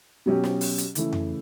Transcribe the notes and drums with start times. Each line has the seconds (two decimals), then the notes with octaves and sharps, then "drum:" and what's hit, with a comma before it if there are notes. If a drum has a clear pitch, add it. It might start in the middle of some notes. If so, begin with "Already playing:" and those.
0.26 B2 F#3 C#4 G4
0.44 drum: snare
0.61 drum: open hi-hat
0.78 drum: hi-hat
0.95 C#3 E3 A3 E4, drum: hi-hat
1.13 drum: tom F2